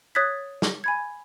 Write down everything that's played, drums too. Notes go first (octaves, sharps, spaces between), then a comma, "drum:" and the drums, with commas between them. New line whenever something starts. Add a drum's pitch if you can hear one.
C#5 D#6 F#6 G#6 A6 B6
drum: snare
G#5 B5 G#6